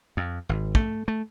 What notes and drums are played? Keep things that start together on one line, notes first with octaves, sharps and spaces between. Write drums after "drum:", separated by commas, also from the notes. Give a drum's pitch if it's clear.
F2
G#1
A3, drum: kick
A3